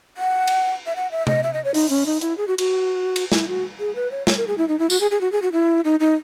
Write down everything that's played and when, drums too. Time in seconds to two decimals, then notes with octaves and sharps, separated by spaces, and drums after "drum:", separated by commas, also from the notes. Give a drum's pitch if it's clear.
0.17 F#5
0.47 drum: cymbal
0.86 E5
0.96 F#5
1.11 E5
1.27 D#5, drum: tom C3
1.43 E5
1.53 D#5
1.64 C#5
1.74 D#4, drum: open hi-hat
1.90 C#4
2.06 D#4
2.21 E4, drum: hi-hat
2.38 G#4
2.48 F#4
2.58 F#4, drum: cymbal
3.16 drum: cymbal
3.32 E4, drum: snare
3.48 F#4
3.79 G#4
3.95 B4
4.11 C#5
4.27 C#5, drum: snare
4.37 A#4
4.47 G#4
4.58 E4
4.68 D#4
4.79 E4
4.90 F#4, drum: tambourine
5.00 G#4
5.11 G#4
5.21 F#4
5.32 G#4
5.42 F#4
5.52 E4
5.84 D#4
6.00 D#4